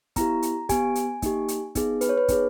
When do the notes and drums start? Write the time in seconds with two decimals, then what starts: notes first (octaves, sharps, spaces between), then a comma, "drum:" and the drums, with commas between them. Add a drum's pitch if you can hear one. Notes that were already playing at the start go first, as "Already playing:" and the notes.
0.16 B3 E4 G4 A#5, drum: kick, hi-hat
0.42 drum: hi-hat
0.69 B3 G4 G#5, drum: kick, hi-hat
0.95 drum: hi-hat
1.22 A#3 D#4 G4, drum: kick, hi-hat
1.48 drum: hi-hat
1.75 B3 D#4 G#4, drum: kick, hi-hat
2.01 B4, drum: hi-hat
2.09 C#5
2.18 B4
2.28 B3 D#4 G#4, drum: kick, hi-hat